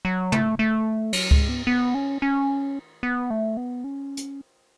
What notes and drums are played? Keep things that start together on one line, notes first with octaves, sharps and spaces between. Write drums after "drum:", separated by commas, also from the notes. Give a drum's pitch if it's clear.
F#3
A3, drum: tom
A3
F#3, drum: cymbal
G#3, drum: kick C#2
B3
B3
C#4
C#4
B3
A3
B3
C#4
drum: hi-hat